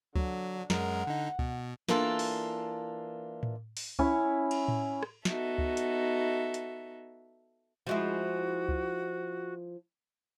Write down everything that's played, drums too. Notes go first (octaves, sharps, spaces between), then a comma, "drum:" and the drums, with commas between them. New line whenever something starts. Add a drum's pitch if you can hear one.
D3 F#3, drum: kick C#2
F#2 G#3 A#4 F#5, drum: snare
D3 D#4
B2, drum: kick C#2
E3 A#3 D4 F4 A4, drum: snare
drum: open hi-hat
drum: tom A2
drum: open hi-hat
C#4 E4, drum: kick C#2
drum: cymbal
drum: tom A2
drum: rim click
B3 D#4 F#4 A4 E5, drum: snare
drum: kick C#2
drum: hi-hat
drum: hi-hat
F3 G#3 E4 F#4
drum: kick C#2